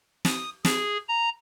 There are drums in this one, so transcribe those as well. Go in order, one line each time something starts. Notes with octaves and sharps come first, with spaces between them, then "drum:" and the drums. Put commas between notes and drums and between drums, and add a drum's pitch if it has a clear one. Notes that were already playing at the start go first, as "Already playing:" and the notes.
D#6, drum: snare
G#4, drum: snare
A#5